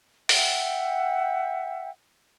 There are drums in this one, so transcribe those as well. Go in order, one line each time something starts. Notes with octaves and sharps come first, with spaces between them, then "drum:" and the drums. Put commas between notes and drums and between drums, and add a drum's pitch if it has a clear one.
E5 F#5 G5, drum: open hi-hat